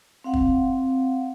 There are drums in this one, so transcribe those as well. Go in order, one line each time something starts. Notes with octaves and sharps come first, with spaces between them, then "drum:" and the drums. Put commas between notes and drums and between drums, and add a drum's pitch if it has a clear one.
C4 F5 F#5
drum: kick